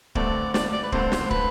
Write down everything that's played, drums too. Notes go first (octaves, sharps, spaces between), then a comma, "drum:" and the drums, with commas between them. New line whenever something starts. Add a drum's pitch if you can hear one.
G2 D3 A3 C4 D5, drum: kick
D5, drum: snare
D5
B4
G2 D3 A3 C4 C5, drum: kick
drum: snare
B4, drum: kick